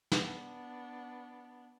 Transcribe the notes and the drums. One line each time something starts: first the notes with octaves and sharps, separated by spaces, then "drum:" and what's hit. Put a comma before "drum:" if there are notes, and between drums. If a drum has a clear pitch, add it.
B3 D4, drum: snare